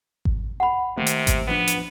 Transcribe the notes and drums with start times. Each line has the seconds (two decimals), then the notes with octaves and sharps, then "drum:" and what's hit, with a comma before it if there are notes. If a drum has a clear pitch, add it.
0.25 drum: kick G#1
0.60 F#5 B5
0.98 C3 D#3 A3 A#3
1.07 drum: hi-hat
1.27 drum: kick G#1, hi-hat
1.47 A1 F3 B3 D4
1.67 drum: hi-hat